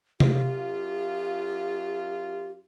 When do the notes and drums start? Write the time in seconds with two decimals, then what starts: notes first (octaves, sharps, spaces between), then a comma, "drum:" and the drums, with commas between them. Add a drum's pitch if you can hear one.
0.20 F#2 F4 G4, drum: tom C3